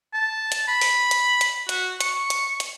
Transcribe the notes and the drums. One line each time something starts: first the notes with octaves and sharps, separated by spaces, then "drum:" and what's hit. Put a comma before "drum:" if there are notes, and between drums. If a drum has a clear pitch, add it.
A5
drum: hi-hat
B5
drum: open hi-hat
drum: hi-hat
drum: hi-hat
F#4, drum: hi-hat
C#6, drum: hi-hat
drum: hi-hat
drum: hi-hat